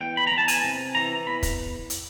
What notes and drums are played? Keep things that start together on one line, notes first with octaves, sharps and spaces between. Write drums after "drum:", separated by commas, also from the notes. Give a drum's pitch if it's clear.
E2 G5
B5
E2 A#5
A5
G#5, drum: hi-hat
C3
E3 A#5
E2 B5
drum: kick, hi-hat
drum: hi-hat